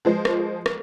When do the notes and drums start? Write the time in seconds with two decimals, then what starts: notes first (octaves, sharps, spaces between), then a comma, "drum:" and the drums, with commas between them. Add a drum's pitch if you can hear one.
0.05 F3 G#3 C5
0.25 drum: rim click
0.66 drum: rim click